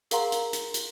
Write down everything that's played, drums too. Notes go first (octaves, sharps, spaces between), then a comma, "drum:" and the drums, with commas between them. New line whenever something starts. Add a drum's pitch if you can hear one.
G#4 A#4 F5 F#5 A#5 C6, drum: hi-hat
drum: hi-hat
drum: hi-hat
drum: hi-hat